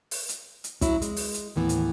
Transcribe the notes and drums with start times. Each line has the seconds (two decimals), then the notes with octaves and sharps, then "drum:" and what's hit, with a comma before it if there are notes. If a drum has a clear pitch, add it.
0.11 drum: open hi-hat
0.29 drum: hi-hat
0.64 drum: hi-hat
0.81 F#3 E4, drum: kick, hi-hat
1.02 G#3, drum: hi-hat
1.17 drum: open hi-hat
1.34 drum: hi-hat
1.56 D#2 A2 E3 B3
1.69 drum: hi-hat